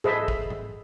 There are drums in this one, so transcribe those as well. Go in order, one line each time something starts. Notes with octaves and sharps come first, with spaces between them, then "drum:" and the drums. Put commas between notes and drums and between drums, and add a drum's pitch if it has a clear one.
G#4 A4 B4 C5 D#5 E5, drum: tom G#2
drum: kick
drum: tom G#2